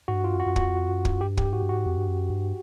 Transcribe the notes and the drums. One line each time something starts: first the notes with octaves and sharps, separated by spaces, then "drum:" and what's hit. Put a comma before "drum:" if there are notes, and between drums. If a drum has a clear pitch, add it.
G#2 F#4
G2
F4
F#2
F#4
F#2
F2 F#4, drum: kick
F#2
drum: kick
G2 G4
G4, drum: kick
G#2 F#4
G2
G#2 F#4
F2
G2
F#2
G2